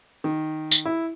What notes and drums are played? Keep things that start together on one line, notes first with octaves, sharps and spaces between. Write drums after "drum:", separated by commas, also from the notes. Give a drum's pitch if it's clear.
D#3
drum: tambourine
E4